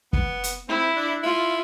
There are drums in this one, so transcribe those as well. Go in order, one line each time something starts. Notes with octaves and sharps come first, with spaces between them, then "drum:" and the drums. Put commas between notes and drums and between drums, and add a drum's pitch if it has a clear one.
B3, drum: kick
drum: hi-hat
C4 E4
D4
E4 F4